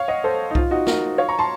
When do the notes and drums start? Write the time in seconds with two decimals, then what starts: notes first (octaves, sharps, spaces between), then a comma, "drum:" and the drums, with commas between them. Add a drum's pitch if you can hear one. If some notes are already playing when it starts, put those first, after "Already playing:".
Already playing: C#5 F5
0.08 D#5 F#5
0.24 A4 C5
0.51 D#4
0.55 F4, drum: kick C2
0.71 D#4 F#4
0.87 F#4 A#4, drum: snare
1.18 C#5 F5
1.28 A#5 C#6
1.39 A5 C6